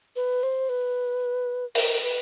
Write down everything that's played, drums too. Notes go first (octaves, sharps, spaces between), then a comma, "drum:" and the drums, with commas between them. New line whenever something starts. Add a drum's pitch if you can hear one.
B4
C5
B4
A#4, drum: open hi-hat
B4